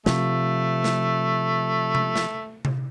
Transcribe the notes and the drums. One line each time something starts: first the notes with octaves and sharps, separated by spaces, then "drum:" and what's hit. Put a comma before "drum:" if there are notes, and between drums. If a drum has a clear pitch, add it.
C3 F3 A3, drum: snare
drum: snare
drum: tom C3
drum: snare
drum: tom C3